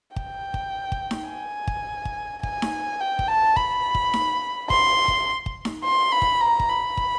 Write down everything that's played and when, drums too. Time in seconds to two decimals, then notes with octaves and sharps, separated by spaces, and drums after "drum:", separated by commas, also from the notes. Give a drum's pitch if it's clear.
0.16 G5, drum: kick
0.54 drum: kick
0.92 drum: kick
1.11 drum: snare D#4
1.29 G#5
1.67 drum: kick
2.05 drum: kick
2.43 G#5, drum: kick
2.62 drum: snare D#4
3.00 G5
3.19 drum: kick
3.28 A5
3.57 B5, drum: kick
3.95 drum: kick
4.14 drum: snare D#4
4.70 C6, drum: kick
5.08 drum: kick
5.46 drum: kick
5.65 drum: snare D#4
5.84 C6
6.12 B5
6.22 drum: kick
6.41 A#5
6.60 drum: kick
6.69 B5
6.97 drum: kick